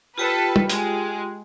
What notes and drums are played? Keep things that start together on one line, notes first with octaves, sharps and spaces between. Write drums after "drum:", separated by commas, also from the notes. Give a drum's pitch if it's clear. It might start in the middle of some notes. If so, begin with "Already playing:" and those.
F4 G4 A4 B4 G5
drum: tom
G#3, drum: hi-hat